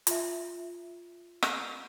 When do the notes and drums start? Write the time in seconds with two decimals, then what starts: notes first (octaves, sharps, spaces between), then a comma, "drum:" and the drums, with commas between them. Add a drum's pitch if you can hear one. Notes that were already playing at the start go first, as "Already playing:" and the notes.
0.07 F4 E5, drum: hi-hat
1.42 drum: rim click